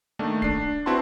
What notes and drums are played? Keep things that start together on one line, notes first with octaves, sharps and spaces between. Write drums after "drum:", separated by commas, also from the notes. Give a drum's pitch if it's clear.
D#3 A3 A#3 D4
D4 C7, drum: kick D1
C4 E4 F#4 B4 A5 C6